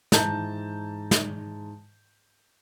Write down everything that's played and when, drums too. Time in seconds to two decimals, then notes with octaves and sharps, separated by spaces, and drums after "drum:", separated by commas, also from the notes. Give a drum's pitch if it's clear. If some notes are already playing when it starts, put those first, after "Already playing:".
0.12 G#2 E3 A5 A#5 G6, drum: snare
1.11 drum: snare